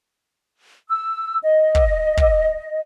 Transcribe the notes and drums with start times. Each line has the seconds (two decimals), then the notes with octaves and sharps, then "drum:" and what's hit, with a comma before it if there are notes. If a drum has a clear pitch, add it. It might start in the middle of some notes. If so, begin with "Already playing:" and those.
0.89 E6
1.43 D#5
1.75 drum: kick
2.17 drum: kick